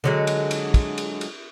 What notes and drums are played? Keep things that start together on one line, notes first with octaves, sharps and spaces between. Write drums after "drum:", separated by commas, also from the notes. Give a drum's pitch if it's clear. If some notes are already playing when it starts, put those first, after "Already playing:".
D3 F#3 G#3
drum: cymbal
drum: cymbal
drum: kick, cymbal
drum: cymbal
drum: cymbal